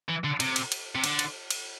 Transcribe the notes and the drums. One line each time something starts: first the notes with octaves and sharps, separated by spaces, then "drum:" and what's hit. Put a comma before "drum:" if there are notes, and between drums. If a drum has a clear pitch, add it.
E3
D3
C3, drum: cymbal
drum: cymbal
drum: cymbal
C3
D3, drum: cymbal
drum: cymbal
drum: cymbal